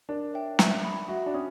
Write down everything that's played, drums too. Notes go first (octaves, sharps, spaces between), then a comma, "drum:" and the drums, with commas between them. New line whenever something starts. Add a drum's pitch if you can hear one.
D4 A#4
C#5 E5 G5
E5, drum: snare
G5 B5 D#6
F#4 E5
D4
C#4 G5 B5 D#6